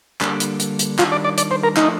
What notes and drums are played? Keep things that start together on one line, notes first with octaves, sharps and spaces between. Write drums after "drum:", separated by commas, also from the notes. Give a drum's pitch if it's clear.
D3 G3 A#3 D4, drum: clap
drum: hi-hat
drum: hi-hat
drum: hi-hat
D#3 G3 D4 F4, drum: clap
D5
D5
D5, drum: hi-hat
C5
A#4
F3 A3 D4 D#4, drum: clap